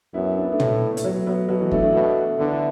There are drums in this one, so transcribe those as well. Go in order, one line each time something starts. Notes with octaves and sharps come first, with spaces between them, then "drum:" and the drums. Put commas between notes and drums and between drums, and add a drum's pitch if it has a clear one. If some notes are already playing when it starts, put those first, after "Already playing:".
F#2 B3 E4
D4
B3
A3 D4
A2, drum: tom
A3, drum: hi-hat
F#3 B3
A3
F#3 B3
B2 F#3
E3 A3
A3 D4, drum: kick
A3 D4
B2
D3 B3 E4
E4